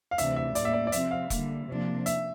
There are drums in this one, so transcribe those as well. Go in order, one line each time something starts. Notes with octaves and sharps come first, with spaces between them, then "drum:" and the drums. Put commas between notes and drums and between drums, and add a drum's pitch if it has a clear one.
F5
D2 C3 E3 A3 D4 E5, drum: hi-hat
E5
A2 G3 A#3 D5, drum: hi-hat
E5
D5
D5
C3 F3 C4 E5, drum: hi-hat
F5
D3 G3 A#3, drum: kick E1, hi-hat
C3 F3 A#3 D4
E5, drum: hi-hat